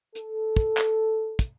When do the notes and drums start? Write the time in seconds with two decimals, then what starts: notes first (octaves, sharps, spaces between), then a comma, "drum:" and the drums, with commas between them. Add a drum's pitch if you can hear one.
0.15 A4, drum: hi-hat
0.57 drum: kick
0.77 drum: clap
1.39 drum: kick, hi-hat